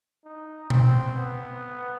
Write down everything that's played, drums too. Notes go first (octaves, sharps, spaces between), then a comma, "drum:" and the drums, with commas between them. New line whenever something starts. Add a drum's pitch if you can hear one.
D#4
C4, drum: tom B2
B3